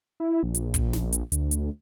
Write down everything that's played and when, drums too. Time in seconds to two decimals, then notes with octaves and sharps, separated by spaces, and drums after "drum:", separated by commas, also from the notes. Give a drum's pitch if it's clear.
0.20 E4
0.43 A#1
0.54 drum: hi-hat
0.74 drum: kick, hi-hat
0.93 drum: snare
1.13 drum: hi-hat
1.32 D2, drum: hi-hat
1.51 drum: hi-hat